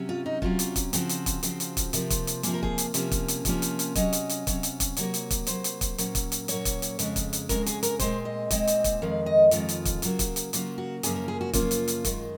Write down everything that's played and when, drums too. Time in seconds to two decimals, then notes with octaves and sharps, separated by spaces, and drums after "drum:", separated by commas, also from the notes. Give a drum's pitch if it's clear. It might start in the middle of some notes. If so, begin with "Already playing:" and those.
Already playing: C3 F#3 C#4
0.09 F4
0.26 D#4
0.42 C3 F#3 C#4 F4, drum: kick
0.59 drum: hi-hat
0.76 drum: kick, hi-hat
0.93 C#3 F3 C4 F#4, drum: hi-hat
1.09 drum: hi-hat
1.26 drum: kick, hi-hat
1.43 C#3 F3 C4, drum: hi-hat
1.60 drum: hi-hat
1.77 drum: kick, hi-hat
1.93 C3 F3 A#3, drum: hi-hat
2.10 drum: kick, hi-hat
2.27 drum: hi-hat
2.43 C3 F3 A#3 G#4, drum: hi-hat
2.54 A#4
2.63 G#4, drum: kick
2.78 drum: hi-hat
2.94 C3 F3 A#3 C#4, drum: hi-hat
3.11 drum: kick, hi-hat
3.28 drum: hi-hat
3.45 C3 F3 A#3 C#4, drum: kick, hi-hat
3.62 drum: hi-hat
3.79 drum: hi-hat
3.95 C3 F#3 C#4 D#5, drum: kick, hi-hat
4.13 drum: hi-hat
4.29 drum: hi-hat
4.47 C3 F#3 C#4, drum: kick, hi-hat
4.63 drum: hi-hat
4.80 drum: kick, hi-hat
4.97 C3 F#3 A#3 C#5, drum: hi-hat
5.14 drum: hi-hat
5.31 drum: kick, hi-hat
5.47 C3 F#3 A#3 C5, drum: hi-hat
5.64 drum: hi-hat
5.81 drum: kick, hi-hat
5.98 A#2 F#3 A#3 C#4, drum: hi-hat
6.15 drum: kick, hi-hat
6.32 drum: hi-hat
6.48 A#2 F#3 A#3 C#4 C#5, drum: hi-hat
6.65 drum: kick, hi-hat
6.82 drum: hi-hat
6.99 F2 C#3 G#3, drum: hi-hat
7.16 drum: kick, hi-hat
7.33 drum: hi-hat
7.49 F2 C#3 G#3 A#4, drum: kick, hi-hat
7.66 G#4, drum: hi-hat
7.83 A#4, drum: hi-hat
7.99 A#2 G#3 C4 C5, drum: kick, hi-hat
8.25 D#5
8.51 A#2 G#3 C4 D#5, drum: kick, hi-hat
8.67 drum: hi-hat
8.84 drum: kick, hi-hat
9.02 F2 D#3 G#3 F5
9.26 D#5
9.51 F2 D#3 G#3 F4, drum: hi-hat
9.69 drum: hi-hat
9.85 drum: kick, hi-hat
10.02 C#3 F#3 A#3, drum: hi-hat
10.19 drum: kick, hi-hat
10.36 drum: hi-hat
10.53 C#3 F#3 A#3 F4, drum: hi-hat
10.78 F#4
11.03 F#2 C#3 F3 A#3 C#4 G#4, drum: hi-hat
11.16 A#4
11.28 G#4
11.41 F#4
11.53 F#2 C#3 F3 A#3 C#4 F4, drum: kick, hi-hat
11.71 drum: hi-hat
11.88 drum: hi-hat
12.05 F#2 D#3 G#3, drum: kick, hi-hat